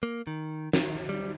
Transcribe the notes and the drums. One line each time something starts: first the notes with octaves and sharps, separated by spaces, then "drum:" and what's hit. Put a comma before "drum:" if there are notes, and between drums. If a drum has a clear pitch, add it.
A#3
D#3
D#3, drum: snare
G3